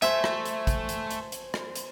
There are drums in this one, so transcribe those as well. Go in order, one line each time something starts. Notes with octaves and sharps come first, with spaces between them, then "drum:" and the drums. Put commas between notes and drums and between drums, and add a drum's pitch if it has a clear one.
A3 C5 E5 G#5, drum: hi-hat
drum: rim click
drum: hi-hat
drum: kick, hi-hat
drum: hi-hat
drum: hi-hat
drum: hi-hat
drum: rim click
drum: hi-hat